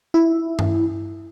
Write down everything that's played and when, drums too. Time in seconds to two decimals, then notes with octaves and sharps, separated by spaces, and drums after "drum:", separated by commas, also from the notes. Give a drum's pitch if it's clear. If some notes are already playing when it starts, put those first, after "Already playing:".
0.14 E4
0.59 drum: tom G2